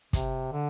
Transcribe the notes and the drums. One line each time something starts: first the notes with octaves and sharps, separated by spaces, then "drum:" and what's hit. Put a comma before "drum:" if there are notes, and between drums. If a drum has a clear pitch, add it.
C3, drum: kick, hi-hat
D3